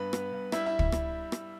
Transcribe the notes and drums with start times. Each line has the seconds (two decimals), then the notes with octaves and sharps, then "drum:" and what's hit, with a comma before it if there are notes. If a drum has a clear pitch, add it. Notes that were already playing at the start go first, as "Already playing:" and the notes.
Already playing: G2 B3 B4 B5
0.13 B3, drum: rim click
0.32 G2
0.52 G3 E4 E5, drum: rim click
0.66 E4 E5
0.79 drum: kick
0.92 drum: rim click
1.32 drum: rim click